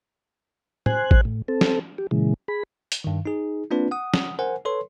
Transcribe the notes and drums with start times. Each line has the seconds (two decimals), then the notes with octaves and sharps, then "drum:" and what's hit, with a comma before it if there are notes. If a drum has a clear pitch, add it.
0.86 C5 G#5 F#6, drum: tom
1.11 drum: kick A1
1.25 A2
1.48 C4 A4
1.61 drum: snare
1.98 G4
2.11 A#2 C#3 E3 G#3
2.48 G#4 B5
2.92 drum: hi-hat
3.04 G2 D#3
3.26 D#4 G#4
3.71 A#3 C4 D4 F4 B4
3.91 F#5 D#6
4.14 drum: snare
4.39 A#4 C5 F#5 G#5
4.65 A4 B4 C#5 C6